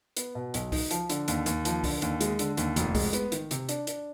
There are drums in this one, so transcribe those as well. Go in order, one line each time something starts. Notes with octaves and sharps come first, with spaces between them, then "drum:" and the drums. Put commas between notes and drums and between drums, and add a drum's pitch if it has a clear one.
B3, drum: hi-hat
B2
B1, drum: hi-hat
D#4, drum: kick, open hi-hat
F3, drum: hi-hat
D3, drum: hi-hat
D#2, drum: hi-hat
D#2, drum: hi-hat
F3, drum: hi-hat
D3, drum: kick, open hi-hat
D#2, drum: hi-hat
G#3, drum: hi-hat
D3, drum: hi-hat
D#2, drum: hi-hat
F1, drum: hi-hat
G#3, drum: kick, open hi-hat
B3, drum: hi-hat
D#3, drum: hi-hat
C3, drum: hi-hat
D4, drum: hi-hat
D4, drum: hi-hat